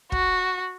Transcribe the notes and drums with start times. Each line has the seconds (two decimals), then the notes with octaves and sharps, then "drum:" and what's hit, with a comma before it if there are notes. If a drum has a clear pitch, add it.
0.12 F#4, drum: kick